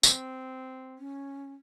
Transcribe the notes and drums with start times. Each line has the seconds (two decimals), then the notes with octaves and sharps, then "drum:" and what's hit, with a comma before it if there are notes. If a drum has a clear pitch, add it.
0.03 C4, drum: tambourine
0.98 C#4